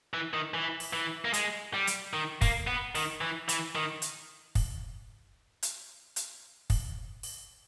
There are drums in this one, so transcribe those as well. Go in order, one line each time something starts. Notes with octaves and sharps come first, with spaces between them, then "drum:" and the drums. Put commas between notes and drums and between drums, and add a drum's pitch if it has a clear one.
E3
D#3
E3
drum: open hi-hat
E3
A#3
G#3, drum: hi-hat
G3
drum: hi-hat
D#3
A#3, drum: kick, open hi-hat
B3
D#3, drum: open hi-hat
E3
E3, drum: hi-hat
D#3
drum: hi-hat
drum: kick, open hi-hat
drum: hi-hat
drum: hi-hat
drum: kick, open hi-hat
drum: open hi-hat